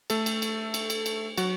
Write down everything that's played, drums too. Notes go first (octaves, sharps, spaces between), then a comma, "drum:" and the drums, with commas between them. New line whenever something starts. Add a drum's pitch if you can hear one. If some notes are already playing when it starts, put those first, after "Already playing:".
A3 A4, drum: cymbal
drum: cymbal
drum: cymbal
drum: cymbal
drum: cymbal
drum: cymbal
F#3 F#4, drum: cymbal